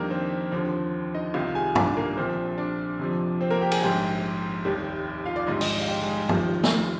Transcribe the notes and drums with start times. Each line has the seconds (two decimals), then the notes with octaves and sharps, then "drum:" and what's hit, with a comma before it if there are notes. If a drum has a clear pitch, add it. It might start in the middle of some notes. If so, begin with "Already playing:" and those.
Already playing: F2 D#3 G3 A#3 D4 A#4
0.10 C4 C5
0.52 D#2 D3 F3
1.14 D#4 D#5
1.34 C2 C3 D#3 G3 F4 F5
1.55 G#4 G#5
1.75 D4 D5, drum: tom
1.97 A#3 A#4
2.17 A#1 A#2 F3 C4 C5
2.58 D4 D5
2.99 F2 C3 F3
3.41 C4 C5
3.50 A#3 A#4
3.61 G4 G5
3.71 G#4 G#5, drum: cymbal
3.82 A#1 G#2 G3 G4 G5
4.65 F1 D#2 D#3 G3
5.26 F4 F5
5.36 D5
5.47 A#1 G#2 D#3 G3 D#4 D#5
5.61 D#4 D#5, drum: open hi-hat
5.81 F5
5.88 G4 G5
6.02 G#3 G#4
6.16 G3 G4
6.29 F1 D#2 D#3 F3 G3 F4, drum: tom
6.63 drum: snare